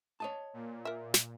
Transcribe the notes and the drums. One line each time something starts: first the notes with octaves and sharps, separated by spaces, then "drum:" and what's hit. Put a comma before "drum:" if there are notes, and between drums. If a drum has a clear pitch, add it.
C#5 D#5 A5
A#2
A#4 E5
drum: snare